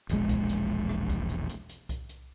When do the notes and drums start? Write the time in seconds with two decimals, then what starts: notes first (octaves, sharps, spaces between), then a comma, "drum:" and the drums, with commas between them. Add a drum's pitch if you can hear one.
0.09 E1 A#1 G#3, drum: hi-hat
0.29 drum: kick C2, hi-hat
0.49 drum: hi-hat
0.89 drum: rim click
1.09 drum: kick C2, hi-hat
1.29 drum: hi-hat
1.49 drum: hi-hat
1.69 drum: hi-hat
1.89 drum: kick C2, hi-hat
2.09 drum: hi-hat